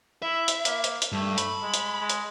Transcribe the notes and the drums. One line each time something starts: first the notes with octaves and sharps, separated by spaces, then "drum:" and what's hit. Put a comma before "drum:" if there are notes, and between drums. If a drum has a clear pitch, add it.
E4 E5
drum: hi-hat
A#3, drum: hi-hat
drum: hi-hat
drum: hi-hat
G2 A3
B5, drum: hi-hat
G#3
drum: hi-hat
G#3
drum: hi-hat